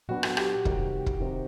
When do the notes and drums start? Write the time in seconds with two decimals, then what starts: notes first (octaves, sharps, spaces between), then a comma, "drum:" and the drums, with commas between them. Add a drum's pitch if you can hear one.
0.08 A#2 F#3 B3 D4 F#4
0.23 drum: rim click
0.37 G4, drum: rim click
0.65 C3 D#3 G3, drum: kick
1.06 drum: kick
1.20 C3 D#3